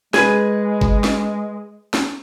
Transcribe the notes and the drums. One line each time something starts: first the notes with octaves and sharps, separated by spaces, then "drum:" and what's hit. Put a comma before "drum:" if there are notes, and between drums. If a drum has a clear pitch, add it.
G#3 G#4 B4, drum: snare
drum: kick G1
drum: snare
drum: snare